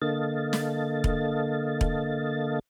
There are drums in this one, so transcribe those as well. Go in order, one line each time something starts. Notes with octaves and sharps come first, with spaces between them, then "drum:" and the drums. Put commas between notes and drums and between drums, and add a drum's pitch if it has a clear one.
D3 A#3 A4 D#5 F5 A6
drum: snare
drum: kick E1
drum: kick E1